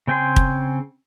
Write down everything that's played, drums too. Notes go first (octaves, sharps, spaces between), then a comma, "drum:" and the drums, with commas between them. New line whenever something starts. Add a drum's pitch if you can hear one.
C#3 C4 G5 G#5 C6
drum: kick